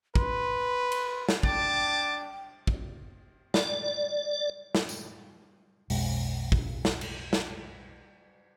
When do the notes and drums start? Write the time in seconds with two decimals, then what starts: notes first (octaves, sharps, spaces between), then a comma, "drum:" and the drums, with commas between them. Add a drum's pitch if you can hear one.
0.15 B4 C6, drum: kick
0.92 drum: cymbal
1.29 drum: snare
1.43 D4 G5 A5 D6, drum: kick
2.67 drum: kick
3.54 D5, drum: snare
4.75 drum: snare
4.89 drum: tambourine
5.90 B1 F2 B2 G#3, drum: open hi-hat
6.52 drum: kick
6.85 drum: snare
7.01 drum: cymbal
7.33 drum: snare